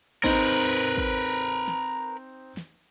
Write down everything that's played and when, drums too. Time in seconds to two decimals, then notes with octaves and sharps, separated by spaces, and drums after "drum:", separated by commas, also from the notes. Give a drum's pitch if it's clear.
0.24 C4 D#4 A#4 B4, drum: kick
0.97 drum: kick
1.68 drum: snare
2.57 drum: snare